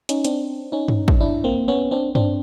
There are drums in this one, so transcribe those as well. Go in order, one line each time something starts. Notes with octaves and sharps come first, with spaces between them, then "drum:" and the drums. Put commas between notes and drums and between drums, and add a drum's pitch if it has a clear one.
C#4 D#4, drum: hi-hat
C4 D4, drum: hi-hat
C#4 D#4
drum: tom G2
drum: kick
D4 E4
A#3 C4
B3 C#4
C4 D4
C4 D4, drum: tom G2